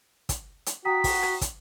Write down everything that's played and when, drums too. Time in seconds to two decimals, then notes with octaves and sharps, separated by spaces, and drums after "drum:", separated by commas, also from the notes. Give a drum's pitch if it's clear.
0.29 drum: kick, hi-hat
0.66 drum: hi-hat
0.85 F#4 G5 A#5 D#6 B6
1.04 drum: kick, open hi-hat
1.23 drum: rim click
1.41 drum: kick, hi-hat